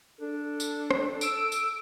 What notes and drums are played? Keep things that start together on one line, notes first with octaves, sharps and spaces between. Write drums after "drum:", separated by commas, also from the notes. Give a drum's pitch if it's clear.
D4 A4
drum: tambourine
drum: rim click
E6 D7, drum: tambourine
drum: tambourine